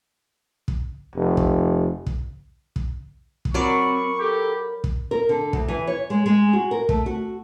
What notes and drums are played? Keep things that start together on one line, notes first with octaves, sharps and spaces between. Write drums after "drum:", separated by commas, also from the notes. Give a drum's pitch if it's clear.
drum: kick
F1
drum: kick
drum: kick
drum: kick
drum: kick
F#3 C4 A#4 D5 B5 C#6
G4 A4
drum: kick
A#4
D3
D2, drum: kick
E3
C#5
G#3
G#3
F#4
A#4
A3, drum: kick
F#4